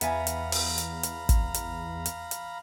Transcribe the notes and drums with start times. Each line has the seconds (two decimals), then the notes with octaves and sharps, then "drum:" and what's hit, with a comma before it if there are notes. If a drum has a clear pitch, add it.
0.01 E2 B3 E5 F5 G#5 A#5 B5, drum: hi-hat
0.27 drum: hi-hat
0.52 drum: open hi-hat
0.78 drum: hi-hat
1.03 drum: hi-hat
1.29 drum: kick, hi-hat
1.54 drum: hi-hat
2.06 drum: hi-hat
2.31 drum: hi-hat